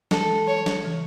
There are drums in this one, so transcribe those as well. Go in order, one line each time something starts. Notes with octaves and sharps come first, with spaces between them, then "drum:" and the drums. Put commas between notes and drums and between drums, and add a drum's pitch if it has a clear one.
E3 G#3 A4, drum: snare
C#5
drum: snare
C#3 E3